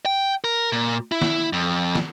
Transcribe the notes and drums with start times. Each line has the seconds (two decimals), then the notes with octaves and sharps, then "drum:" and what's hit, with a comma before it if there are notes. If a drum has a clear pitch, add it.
0.06 G5
0.44 A#4
0.72 A#2
1.12 E4
1.22 drum: snare
1.53 F2
1.95 drum: snare